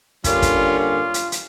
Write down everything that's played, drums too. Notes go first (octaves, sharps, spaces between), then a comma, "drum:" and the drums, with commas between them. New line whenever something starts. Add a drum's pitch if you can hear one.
G2 D3 G3 A#3 C#4 F4, drum: kick, hi-hat
drum: kick, hi-hat
F4
drum: hi-hat
drum: hi-hat